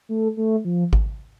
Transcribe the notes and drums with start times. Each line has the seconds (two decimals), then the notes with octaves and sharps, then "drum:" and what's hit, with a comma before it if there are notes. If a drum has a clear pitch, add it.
0.09 A3
0.37 A3
0.65 F3
0.93 drum: kick G#1